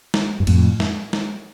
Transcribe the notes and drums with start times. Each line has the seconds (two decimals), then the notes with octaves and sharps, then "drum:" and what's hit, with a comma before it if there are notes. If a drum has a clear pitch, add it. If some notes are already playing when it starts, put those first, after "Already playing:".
0.14 drum: snare
0.40 G2
0.47 F2 A2, drum: cymbal
0.80 drum: snare
1.13 drum: snare